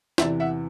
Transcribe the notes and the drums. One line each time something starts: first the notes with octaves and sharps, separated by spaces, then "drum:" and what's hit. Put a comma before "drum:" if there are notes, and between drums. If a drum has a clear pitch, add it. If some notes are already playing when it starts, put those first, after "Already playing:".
E2 C3 E3 D5 E5, drum: snare
E5 F#5